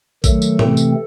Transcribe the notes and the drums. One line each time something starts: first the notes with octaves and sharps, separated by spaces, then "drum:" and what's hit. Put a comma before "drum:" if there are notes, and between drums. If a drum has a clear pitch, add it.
D#3 F#3 A3 A4, drum: kick A1, tambourine
drum: tambourine
C3 E3 A3 C4, drum: tom A2
drum: tambourine